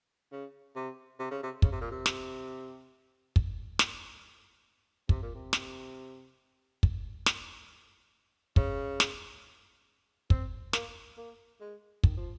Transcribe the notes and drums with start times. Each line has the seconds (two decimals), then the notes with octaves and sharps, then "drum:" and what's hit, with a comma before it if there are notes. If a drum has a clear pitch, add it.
0.32 C#3
0.76 C3
1.19 C3
1.31 C#3
1.43 C3
1.62 C#3, drum: kick
1.72 C3
1.81 A#2
1.91 C3
2.06 drum: snare
3.36 drum: kick
3.79 drum: snare
5.09 C3, drum: kick
5.22 A#2
5.34 C3
5.53 drum: snare
6.83 drum: kick
7.26 drum: snare
8.56 C#3, drum: kick
9.00 drum: snare
10.30 C4, drum: kick
10.73 A#3, drum: snare
11.17 A#3
11.61 G#3
12.04 D#3, drum: kick
12.17 F3